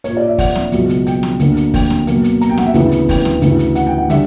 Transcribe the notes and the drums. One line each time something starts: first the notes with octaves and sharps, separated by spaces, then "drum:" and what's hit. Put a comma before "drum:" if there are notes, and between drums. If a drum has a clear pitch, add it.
A#2 A#3 C#5, drum: hi-hat
D5
E5
F#5, drum: kick D#2, open hi-hat
drum: snare C4
C#2 B2 F#3, drum: hi-hat
drum: hi-hat
G5, drum: hi-hat
drum: snare C4
D2 D3 A#3, drum: hi-hat
drum: hi-hat
G5, drum: kick D#2, open hi-hat
drum: snare C4
B2 F#3 A#3, drum: hi-hat
drum: hi-hat
A#5, drum: hi-hat
G5
F#5, drum: snare C4
E5
D2 C#3 E3 B3, drum: hi-hat
drum: hi-hat
G5, drum: kick D#2, open hi-hat
drum: snare C4
D2 C#3 E3, drum: hi-hat
drum: hi-hat
F#5, drum: hi-hat
G5
F#5
D3 G3 E5, drum: hi-hat